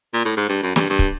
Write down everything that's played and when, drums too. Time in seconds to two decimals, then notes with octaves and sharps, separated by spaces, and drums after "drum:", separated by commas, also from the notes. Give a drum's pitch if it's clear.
0.14 A#2
0.25 A2
0.37 G#2
0.49 G2
0.63 F#2
0.76 G2, drum: snare
0.90 G2
0.99 drum: kick